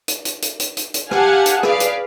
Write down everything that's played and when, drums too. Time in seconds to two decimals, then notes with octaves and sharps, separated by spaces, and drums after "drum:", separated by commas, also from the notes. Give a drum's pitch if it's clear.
0.08 drum: hi-hat
0.25 drum: hi-hat
0.42 drum: hi-hat
0.60 drum: hi-hat
0.77 drum: hi-hat
0.94 drum: hi-hat
1.11 G4 F5 F#5 G#5 A5, drum: rim click
1.46 drum: hi-hat
1.63 G#4 B4 D5 F5, drum: rim click
1.80 drum: hi-hat